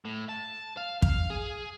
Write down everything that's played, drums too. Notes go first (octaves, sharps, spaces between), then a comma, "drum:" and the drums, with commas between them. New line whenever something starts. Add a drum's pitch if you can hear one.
A2
A5
F5
F5, drum: kick
G#4